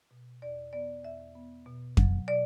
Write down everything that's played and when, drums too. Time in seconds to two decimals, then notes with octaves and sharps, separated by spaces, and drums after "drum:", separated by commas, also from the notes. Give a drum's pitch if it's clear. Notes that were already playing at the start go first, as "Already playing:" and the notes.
0.11 B2
0.42 E2 D5
0.73 B3 D5
1.04 E2 E5
1.35 B3
1.66 B2
1.97 F#3, drum: kick F2
2.27 B2 D5